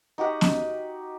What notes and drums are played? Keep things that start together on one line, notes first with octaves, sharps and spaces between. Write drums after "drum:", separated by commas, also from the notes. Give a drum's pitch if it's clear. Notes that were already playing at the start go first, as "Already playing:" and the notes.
D#4 F#4 G4 F#5
drum: snare B3